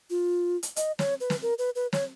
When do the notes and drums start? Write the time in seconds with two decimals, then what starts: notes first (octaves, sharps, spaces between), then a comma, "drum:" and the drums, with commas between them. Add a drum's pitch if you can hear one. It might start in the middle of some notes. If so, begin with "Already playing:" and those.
0.10 F4
0.63 drum: hi-hat
0.76 D#5, drum: hi-hat
0.99 C#5, drum: snare
1.21 B4
1.30 drum: snare
1.42 A#4
1.59 B4
1.76 B4
1.93 C#5, drum: snare